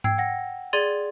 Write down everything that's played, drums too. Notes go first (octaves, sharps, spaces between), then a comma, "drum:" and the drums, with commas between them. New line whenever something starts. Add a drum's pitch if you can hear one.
G5 E6 G#6 C7, drum: tom G#2
F#5 A#6
G#4 D5 C6 G#6 A6 D#7